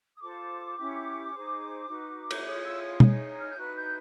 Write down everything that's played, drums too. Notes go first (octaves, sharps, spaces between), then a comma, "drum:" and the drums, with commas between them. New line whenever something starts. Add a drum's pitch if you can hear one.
D#6
F4 A4 C5 D6
C#4 E4 G4
D#4 G#4 C5
D#4 F#4 B4
drum: cymbal
F4 G#4 C#5 D#6
E6
D#6
D#4 G#4 C#5, drum: tom B2
F6
G6
D#4 F#4 B4 F#6
G6